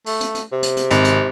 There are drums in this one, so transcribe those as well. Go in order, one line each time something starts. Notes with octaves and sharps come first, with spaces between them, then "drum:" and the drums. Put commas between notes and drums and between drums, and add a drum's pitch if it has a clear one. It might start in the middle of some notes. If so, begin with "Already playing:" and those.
A3, drum: open hi-hat
drum: hi-hat
drum: hi-hat
C3
drum: hi-hat
drum: hi-hat
G#1, drum: hi-hat
drum: hi-hat